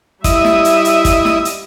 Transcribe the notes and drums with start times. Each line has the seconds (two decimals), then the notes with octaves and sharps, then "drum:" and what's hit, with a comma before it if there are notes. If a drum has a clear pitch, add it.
0.24 G3 E4 D#5 E5, drum: kick, hi-hat
0.44 drum: snare
0.65 drum: hi-hat
0.85 drum: hi-hat
1.05 drum: kick, hi-hat
1.25 drum: snare
1.45 drum: hi-hat